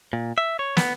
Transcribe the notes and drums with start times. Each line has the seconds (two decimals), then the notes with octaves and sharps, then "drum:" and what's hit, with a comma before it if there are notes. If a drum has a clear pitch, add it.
0.13 A#2
0.38 E5
0.59 C#5
0.77 B3, drum: snare